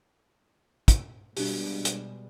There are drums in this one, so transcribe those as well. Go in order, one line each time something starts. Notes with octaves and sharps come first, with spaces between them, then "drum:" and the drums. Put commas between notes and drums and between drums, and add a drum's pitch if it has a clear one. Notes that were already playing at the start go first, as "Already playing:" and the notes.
drum: kick, hi-hat
B2 G3 G#3 D4 F#4 G4, drum: open hi-hat
drum: hi-hat